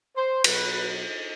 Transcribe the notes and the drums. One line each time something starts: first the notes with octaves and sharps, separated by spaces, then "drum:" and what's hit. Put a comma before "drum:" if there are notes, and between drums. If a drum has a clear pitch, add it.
C5
B2 F#3 B4, drum: cymbal